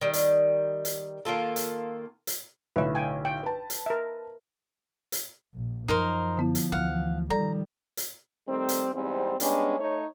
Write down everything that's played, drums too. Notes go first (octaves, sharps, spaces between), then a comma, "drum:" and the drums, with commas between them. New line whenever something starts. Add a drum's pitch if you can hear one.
D#3 G3
drum: hi-hat
drum: hi-hat
D#3 A#3 F4 A4
drum: hi-hat
drum: hi-hat
B1 A2 D3 B4 E5
G5 G#5
G5
B4 A5
drum: hi-hat
A#4 E5
drum: hi-hat
A#1
F#2 F3 D#4 A#4 C5
D3 B3 E4
drum: hi-hat
D2 E3 F5 F#5
D#3 F3 G3 A4 D5 A#5
drum: hi-hat
D#3 G3 A3 C4
drum: hi-hat
E2 G#2 G3 C4
G3 G#3 B3 C#4 D4, drum: hi-hat
A3 D#4 C#5